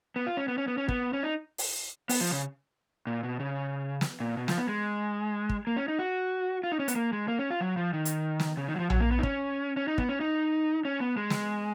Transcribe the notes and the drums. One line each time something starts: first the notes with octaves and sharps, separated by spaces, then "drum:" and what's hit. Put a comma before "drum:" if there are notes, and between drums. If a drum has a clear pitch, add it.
B3
F4
C#4
B3
C#4
B3
C#4
B3, drum: kick
C#4
D#4
drum: open hi-hat
B3, drum: open hi-hat
F3
C#3
A#2
B2
C#3
drum: snare
A#2
B2
F3, drum: snare
B3
G#3
drum: kick
A#3
C#4
D#4
F#4
F4
D#4
C#4
B3, drum: hi-hat
A#3
G#3
A#3
C#4
F4
F#3
F3
D#3
drum: hi-hat
drum: snare
C#3
D#3
F#3
F3
F#3, drum: tom A#1
A#3
B3
D#4
C#4, drum: kick
C#4
D#4
B3, drum: kick
C#4
D#4
C#4
B3
G#3
drum: snare